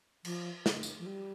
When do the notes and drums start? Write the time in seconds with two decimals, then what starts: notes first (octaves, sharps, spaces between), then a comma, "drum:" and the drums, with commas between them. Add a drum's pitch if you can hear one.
0.25 F3, drum: cymbal
0.66 drum: snare
0.83 drum: tambourine
0.99 F3
1.06 G3